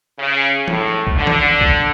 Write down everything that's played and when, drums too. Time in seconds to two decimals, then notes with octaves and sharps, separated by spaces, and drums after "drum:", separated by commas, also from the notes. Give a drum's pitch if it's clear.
0.19 C#3
0.68 A2, drum: tom E3
1.07 drum: kick B1
1.16 D3
1.27 drum: tom
1.61 drum: kick B1